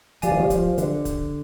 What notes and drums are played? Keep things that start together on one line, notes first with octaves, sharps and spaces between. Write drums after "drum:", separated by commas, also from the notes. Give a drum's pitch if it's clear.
F3 G4 D5 F5 G#5, drum: hi-hat
D#3
F3
F3, drum: kick, hi-hat
D3, drum: hi-hat
drum: kick, hi-hat